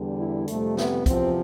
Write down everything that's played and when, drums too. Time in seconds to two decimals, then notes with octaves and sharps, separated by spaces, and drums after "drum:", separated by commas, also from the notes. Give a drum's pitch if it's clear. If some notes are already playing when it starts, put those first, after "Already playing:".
Already playing: E2 D3 G3
0.18 E4
0.48 F2 C3 G3 A3, drum: hi-hat
0.77 B3, drum: snare
1.06 E2 C3 F3 C4, drum: kick, hi-hat